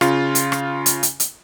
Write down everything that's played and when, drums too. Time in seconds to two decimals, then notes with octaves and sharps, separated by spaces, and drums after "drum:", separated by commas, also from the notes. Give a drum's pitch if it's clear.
0.01 C#3 F4, drum: rim click
0.35 drum: hi-hat
0.52 drum: rim click
0.86 drum: hi-hat
1.03 drum: hi-hat
1.20 drum: hi-hat